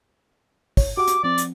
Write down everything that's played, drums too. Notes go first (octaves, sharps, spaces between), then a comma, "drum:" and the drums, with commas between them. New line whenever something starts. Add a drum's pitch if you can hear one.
G1 C#5, drum: kick, open hi-hat
F#4 G4 F#5 D6
drum: hi-hat
F3 C4 D5
drum: hi-hat